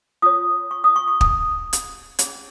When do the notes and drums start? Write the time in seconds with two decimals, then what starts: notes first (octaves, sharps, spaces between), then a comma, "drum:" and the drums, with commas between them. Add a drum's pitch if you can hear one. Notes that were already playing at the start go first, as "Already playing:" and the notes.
0.22 F4 C#5 D#6
0.71 C#6
0.84 D#6
0.96 C#6
1.08 C#6
1.21 D#6, drum: kick
1.73 drum: hi-hat
2.19 C#4 G#4 C#5, drum: hi-hat